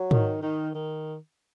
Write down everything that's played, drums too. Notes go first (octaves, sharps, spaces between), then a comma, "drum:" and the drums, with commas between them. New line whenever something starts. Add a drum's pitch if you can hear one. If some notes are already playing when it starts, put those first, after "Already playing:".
Already playing: F#3
D#3, drum: tom G#2
D#3
D#3